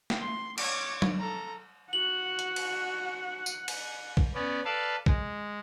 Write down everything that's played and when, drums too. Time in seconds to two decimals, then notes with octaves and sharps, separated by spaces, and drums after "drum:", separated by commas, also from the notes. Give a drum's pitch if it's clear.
0.10 drum: snare
0.20 C6
0.58 C#5 D6, drum: cymbal
1.02 drum: tom F#3
1.20 A4 A#5
1.93 F#4 F#5 F#7
2.39 drum: hi-hat
2.56 drum: cymbal
3.46 drum: tambourine
3.68 drum: cymbal
4.17 drum: kick
4.35 B3 C#4 D5
4.65 A4 B4 D5 F5 A5
5.06 G#3, drum: kick